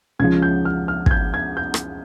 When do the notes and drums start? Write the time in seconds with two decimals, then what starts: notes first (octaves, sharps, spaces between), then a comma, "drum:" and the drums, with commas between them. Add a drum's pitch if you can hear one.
0.19 C#2 C#3 F3 G#6
0.42 G6
0.65 F6
0.88 F6
1.06 G#6, drum: kick
1.11 G6
1.34 G#6
1.57 G6
1.74 drum: rim click